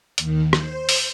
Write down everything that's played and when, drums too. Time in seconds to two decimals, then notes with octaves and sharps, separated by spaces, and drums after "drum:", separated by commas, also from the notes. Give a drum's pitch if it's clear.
0.18 D#2 D#3, drum: hi-hat
0.53 C5, drum: rim click
0.89 drum: open hi-hat